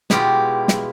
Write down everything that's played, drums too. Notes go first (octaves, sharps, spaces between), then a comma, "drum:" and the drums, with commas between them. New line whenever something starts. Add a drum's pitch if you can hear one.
B2 G#3 E4 F4 G4, drum: snare
drum: snare